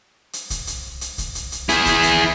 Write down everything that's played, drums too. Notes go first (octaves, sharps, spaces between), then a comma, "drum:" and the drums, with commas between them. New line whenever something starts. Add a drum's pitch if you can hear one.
drum: hi-hat
drum: kick C2, hi-hat
drum: hi-hat
drum: hi-hat
drum: kick C2, hi-hat
drum: hi-hat
drum: hi-hat
E4 G#4, drum: hi-hat
drum: kick C2, hi-hat
drum: hi-hat